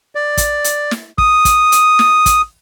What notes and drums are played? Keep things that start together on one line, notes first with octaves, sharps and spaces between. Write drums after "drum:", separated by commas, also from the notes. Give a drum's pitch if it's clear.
D5
drum: kick, hi-hat
drum: hi-hat
drum: snare
D#6, drum: kick
drum: kick, hi-hat
drum: hi-hat
drum: snare
drum: kick, hi-hat